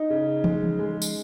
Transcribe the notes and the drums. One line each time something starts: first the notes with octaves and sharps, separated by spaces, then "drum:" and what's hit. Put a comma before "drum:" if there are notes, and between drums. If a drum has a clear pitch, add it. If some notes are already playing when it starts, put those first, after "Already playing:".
Already playing: D#4
C#3
G#3, drum: tom E3
G#3
drum: tambourine